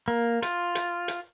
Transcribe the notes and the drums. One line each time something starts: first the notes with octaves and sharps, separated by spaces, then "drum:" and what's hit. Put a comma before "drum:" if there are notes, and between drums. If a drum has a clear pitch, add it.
A#3
F4, drum: hi-hat
drum: hi-hat
drum: hi-hat